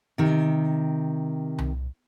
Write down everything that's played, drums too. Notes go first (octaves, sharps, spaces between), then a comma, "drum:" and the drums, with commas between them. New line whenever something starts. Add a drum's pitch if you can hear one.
C3 D#3
drum: tom C2